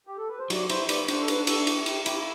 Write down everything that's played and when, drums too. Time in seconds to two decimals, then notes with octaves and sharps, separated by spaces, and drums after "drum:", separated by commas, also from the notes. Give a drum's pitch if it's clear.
0.07 G4
0.18 A4
0.28 B4
0.39 C5
0.50 F#3 D5, drum: cymbal
0.69 E4 C5, drum: cymbal
0.89 B4 D5, drum: cymbal
1.08 D4 C5, drum: cymbal
1.20 A4
1.28 B4, drum: cymbal
1.47 A4, drum: cymbal
1.67 G4, drum: cymbal
1.86 G4, drum: cymbal
2.06 E4 G4, drum: cymbal